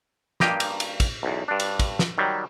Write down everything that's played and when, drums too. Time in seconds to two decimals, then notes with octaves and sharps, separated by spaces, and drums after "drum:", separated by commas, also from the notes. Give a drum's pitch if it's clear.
0.40 G2 A#3 G4 D#5 A#5, drum: snare
0.60 drum: cymbal
0.80 drum: cymbal
1.00 drum: kick, cymbal
1.23 B1 E2
1.48 G2 D4
1.60 drum: cymbal
1.79 drum: kick, cymbal
1.99 drum: snare
2.18 D#3 F#3 G3